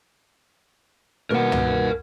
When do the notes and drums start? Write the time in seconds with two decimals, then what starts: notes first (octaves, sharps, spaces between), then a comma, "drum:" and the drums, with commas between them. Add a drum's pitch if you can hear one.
1.31 B2 D#3 A#3 A#4 F#5
1.52 drum: tom